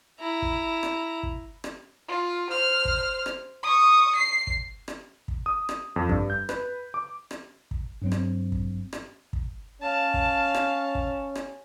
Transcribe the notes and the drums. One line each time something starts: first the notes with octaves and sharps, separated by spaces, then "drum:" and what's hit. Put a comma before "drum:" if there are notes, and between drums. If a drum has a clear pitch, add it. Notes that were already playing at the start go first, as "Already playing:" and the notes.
E4 A#5
drum: kick
drum: rim click
drum: kick
drum: rim click
F4
C5 F6
drum: kick
drum: rim click
C#6 D#6
C7
drum: kick
drum: rim click
drum: kick
D#6
drum: rim click
F2
G2, drum: kick
G6
B4, drum: rim click
D6
drum: rim click
drum: kick
G2 F#3 C4
drum: rim click
drum: kick
drum: rim click
drum: kick
C#4 F5 A5
drum: kick
drum: rim click
drum: kick
drum: rim click